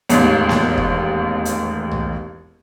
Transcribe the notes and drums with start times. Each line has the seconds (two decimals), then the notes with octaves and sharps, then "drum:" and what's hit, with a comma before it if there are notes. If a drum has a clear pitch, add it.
0.09 E1 A1 D#2, drum: hi-hat
0.49 drum: snare A#3
0.77 drum: kick
1.45 drum: hi-hat
1.91 drum: tom